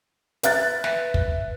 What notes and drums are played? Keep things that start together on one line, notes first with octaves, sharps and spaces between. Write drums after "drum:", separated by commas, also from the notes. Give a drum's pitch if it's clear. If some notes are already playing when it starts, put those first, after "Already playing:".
B4 E5 F#6 A6, drum: hi-hat
drum: snare
drum: kick